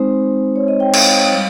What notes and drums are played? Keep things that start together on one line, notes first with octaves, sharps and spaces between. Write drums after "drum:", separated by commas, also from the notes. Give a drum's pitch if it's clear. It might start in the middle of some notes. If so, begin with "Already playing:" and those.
Already playing: G#3 C4 D#4 C5
C#5
D#5
G5
F5, drum: cymbal
G3